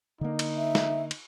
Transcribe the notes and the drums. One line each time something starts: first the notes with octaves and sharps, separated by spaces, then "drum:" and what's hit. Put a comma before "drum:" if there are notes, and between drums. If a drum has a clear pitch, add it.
D3 A#3 D#4
drum: cymbal
E5
drum: snare
drum: cymbal